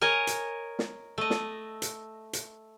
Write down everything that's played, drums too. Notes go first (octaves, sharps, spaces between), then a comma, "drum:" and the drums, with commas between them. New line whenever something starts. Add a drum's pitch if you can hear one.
A#4 C#5 D#5 G#5
drum: hi-hat
drum: snare
A3 D#5
drum: snare
drum: hi-hat
drum: hi-hat